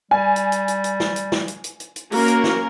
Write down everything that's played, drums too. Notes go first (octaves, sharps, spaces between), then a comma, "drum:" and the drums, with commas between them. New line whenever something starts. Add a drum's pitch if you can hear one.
G3 G#5
drum: hi-hat
drum: hi-hat
drum: hi-hat
drum: hi-hat
drum: snare
drum: hi-hat
drum: snare
drum: hi-hat
drum: hi-hat
drum: hi-hat
drum: hi-hat
A#3 C#4 F#4 A#4, drum: open hi-hat
drum: hi-hat
drum: snare